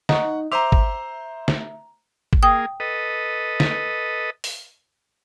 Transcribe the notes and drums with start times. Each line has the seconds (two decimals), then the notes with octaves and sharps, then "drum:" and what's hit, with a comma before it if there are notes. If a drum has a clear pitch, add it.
0.09 D#4 F#5 C#6, drum: snare
0.52 C5 E5 A#5 C6 D6 F7
0.72 drum: kick
1.48 drum: snare
2.33 drum: kick
2.43 A#3 G#4 G5 D#6
2.80 A4 B4 D#5
3.60 drum: snare
4.44 drum: open hi-hat